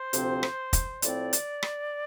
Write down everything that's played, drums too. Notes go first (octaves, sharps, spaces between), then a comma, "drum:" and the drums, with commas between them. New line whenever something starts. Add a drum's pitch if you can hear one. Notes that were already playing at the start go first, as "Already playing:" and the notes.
Already playing: C5
D2 C3 F3 C4, drum: hi-hat
drum: rim click
drum: kick, hi-hat
A2 F3 C4 D5, drum: hi-hat
drum: hi-hat
drum: rim click